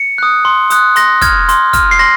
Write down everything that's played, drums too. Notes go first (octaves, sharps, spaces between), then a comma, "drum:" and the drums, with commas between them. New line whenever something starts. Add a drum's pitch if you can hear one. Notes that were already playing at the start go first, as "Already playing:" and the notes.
Already playing: C#7
D#6 F#6
C6
D#6 F#6, drum: hi-hat
C6 A#6, drum: hi-hat
F6 G#6, drum: kick, hi-hat
C6, drum: hi-hat
F6, drum: kick, hi-hat
C7
C6 A#6